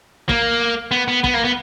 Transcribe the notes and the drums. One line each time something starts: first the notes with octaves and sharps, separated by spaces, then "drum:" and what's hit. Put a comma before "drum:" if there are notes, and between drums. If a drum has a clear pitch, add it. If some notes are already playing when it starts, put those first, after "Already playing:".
A#3, drum: kick
B3
B3
B3, drum: kick
A#3
B3